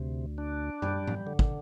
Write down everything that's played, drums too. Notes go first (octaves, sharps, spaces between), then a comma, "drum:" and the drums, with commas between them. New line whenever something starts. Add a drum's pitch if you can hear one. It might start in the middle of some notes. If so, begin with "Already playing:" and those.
Already playing: D2 C3
D4
G3, drum: tom F#2
drum: tom G#2
D3
drum: kick